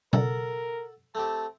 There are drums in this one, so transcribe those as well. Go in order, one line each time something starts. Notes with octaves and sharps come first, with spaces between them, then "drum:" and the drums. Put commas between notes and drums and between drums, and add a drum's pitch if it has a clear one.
A4 A#4 F#5, drum: tom B2
A3 C4 G4 A5